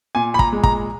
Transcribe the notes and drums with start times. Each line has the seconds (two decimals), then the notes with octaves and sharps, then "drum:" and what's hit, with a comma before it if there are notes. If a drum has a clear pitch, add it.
0.15 A#2 G#5
0.34 B5
0.39 A#5, drum: kick
0.52 G#3
0.64 A#5, drum: kick